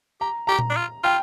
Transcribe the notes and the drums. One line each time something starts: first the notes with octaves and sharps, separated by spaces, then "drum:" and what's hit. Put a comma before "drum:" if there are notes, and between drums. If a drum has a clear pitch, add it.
G4 A#5
G4 A#5
drum: tom A#2
D4
F4
F4 G5